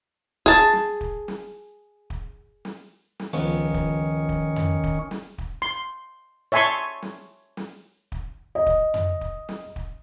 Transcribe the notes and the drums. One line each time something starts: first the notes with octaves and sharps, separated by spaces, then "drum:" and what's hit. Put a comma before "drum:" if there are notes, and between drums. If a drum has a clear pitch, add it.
G#4 A5, drum: kick
drum: snare
drum: kick
drum: snare
drum: kick
drum: snare
drum: snare
C#2 D#3 F3 B3 C#4
drum: kick
drum: kick
drum: tom F2
drum: kick
drum: snare
drum: kick
C6
C#5 E5 G#5 A5 C6 C#6
drum: snare
drum: snare
drum: kick
D#5
drum: kick
drum: tom F2
drum: kick
drum: snare
drum: kick